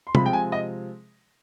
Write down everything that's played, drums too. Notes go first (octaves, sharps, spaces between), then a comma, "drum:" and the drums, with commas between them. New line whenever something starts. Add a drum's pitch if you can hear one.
C6
C3 F3 G#3 C4 B5, drum: tom C3
G5
G#5
D#5